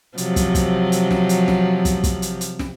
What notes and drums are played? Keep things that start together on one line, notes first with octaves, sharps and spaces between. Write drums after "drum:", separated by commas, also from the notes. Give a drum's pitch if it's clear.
C3 F3 F#3, drum: hi-hat
drum: kick, hi-hat
drum: kick, hi-hat
drum: hi-hat
drum: snare
drum: hi-hat
drum: snare
drum: kick, hi-hat
drum: kick, hi-hat
drum: hi-hat
drum: hi-hat
drum: snare